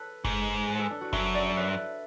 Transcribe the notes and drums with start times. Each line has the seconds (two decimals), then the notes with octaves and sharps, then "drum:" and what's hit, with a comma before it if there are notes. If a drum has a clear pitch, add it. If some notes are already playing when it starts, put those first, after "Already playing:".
Already playing: A4 B4
0.25 G#2, drum: kick F#1
0.69 B4
0.79 A4
0.91 D4
1.01 F#4
1.13 F#2 E5, drum: kick F#1
1.35 D5
1.50 A4
1.57 B4